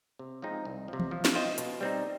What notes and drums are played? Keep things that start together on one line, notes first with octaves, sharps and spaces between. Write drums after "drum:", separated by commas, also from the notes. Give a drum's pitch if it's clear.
C3
F3 G#3 C4 D#4
C2
C3 F3
drum: tom E3
F3
drum: snare
C4 F4 C5 D#5
B2, drum: hi-hat
G3 C4 D#4